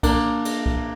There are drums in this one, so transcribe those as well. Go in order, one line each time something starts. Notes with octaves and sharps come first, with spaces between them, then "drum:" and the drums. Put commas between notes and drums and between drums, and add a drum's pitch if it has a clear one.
A#3 D4, drum: kick C2, cymbal
drum: cymbal
drum: kick C2